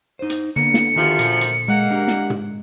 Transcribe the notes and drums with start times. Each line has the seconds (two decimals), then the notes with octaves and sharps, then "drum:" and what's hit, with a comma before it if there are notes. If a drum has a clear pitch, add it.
0.19 D#4 C5
0.30 drum: hi-hat
0.56 D3 A#3 B3 C#7
0.74 drum: snare
0.96 F#2 D#3 F3 G4
1.19 A#2, drum: hi-hat
1.41 drum: hi-hat
1.68 G#3 A#3 F#5
1.90 D4 G4 A#4
2.08 drum: snare
2.30 drum: tom